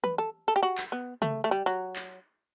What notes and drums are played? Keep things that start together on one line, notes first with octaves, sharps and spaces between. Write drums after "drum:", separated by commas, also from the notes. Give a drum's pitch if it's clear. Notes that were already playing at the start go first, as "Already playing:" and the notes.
B4, drum: tom E3
A4
A4
G4
F#4
drum: clap
B3
A3, drum: tom C#3
A3
G3
F#3
drum: clap